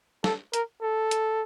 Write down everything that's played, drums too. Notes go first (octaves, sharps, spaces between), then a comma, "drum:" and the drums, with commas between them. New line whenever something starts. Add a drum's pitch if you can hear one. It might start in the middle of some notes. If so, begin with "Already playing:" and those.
A4, drum: snare
A#4, drum: hi-hat
A4
drum: hi-hat